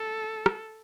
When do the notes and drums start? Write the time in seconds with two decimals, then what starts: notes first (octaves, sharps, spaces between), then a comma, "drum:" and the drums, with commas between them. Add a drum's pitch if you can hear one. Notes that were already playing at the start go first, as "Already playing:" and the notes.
Already playing: A4
0.46 drum: rim click